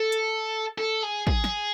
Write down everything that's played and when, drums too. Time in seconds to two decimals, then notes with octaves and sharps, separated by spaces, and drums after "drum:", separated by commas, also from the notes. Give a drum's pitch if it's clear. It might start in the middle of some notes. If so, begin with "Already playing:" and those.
Already playing: A4
0.12 drum: hi-hat
0.78 A4
1.03 G#4
1.27 G#4, drum: kick
1.44 drum: snare